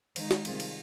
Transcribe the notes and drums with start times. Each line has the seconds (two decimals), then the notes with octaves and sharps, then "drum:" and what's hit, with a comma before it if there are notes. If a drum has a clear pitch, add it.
0.16 D#3 G#3 D#4 C5, drum: cymbal
0.31 drum: snare
0.45 C3 D#3 G3 C4 F4 G#4, drum: cymbal
0.60 drum: cymbal